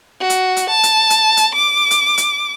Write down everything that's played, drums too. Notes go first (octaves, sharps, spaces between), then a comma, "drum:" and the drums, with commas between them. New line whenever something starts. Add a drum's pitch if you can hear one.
F#4
drum: hi-hat
drum: hi-hat
A5
drum: hi-hat
drum: hi-hat
drum: hi-hat
D6
drum: hi-hat
drum: hi-hat